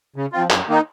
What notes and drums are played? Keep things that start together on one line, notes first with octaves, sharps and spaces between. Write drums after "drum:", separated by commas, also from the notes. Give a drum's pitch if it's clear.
C#3
F3 C4 F4
F#2, drum: clap
D#3 A#3 D#4